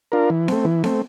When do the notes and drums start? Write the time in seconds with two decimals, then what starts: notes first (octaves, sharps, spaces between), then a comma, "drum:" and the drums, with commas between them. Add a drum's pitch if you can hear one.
0.12 D4 F4 A#4
0.30 E3
0.48 A3 C4, drum: snare B3
0.65 E3
0.84 A3 C4, drum: snare B3